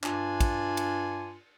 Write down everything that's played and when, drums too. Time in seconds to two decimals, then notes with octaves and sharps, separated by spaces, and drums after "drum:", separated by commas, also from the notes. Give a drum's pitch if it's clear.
0.04 G2 D4 F4 G#5, drum: clap
0.40 drum: kick, cymbal
0.77 drum: cymbal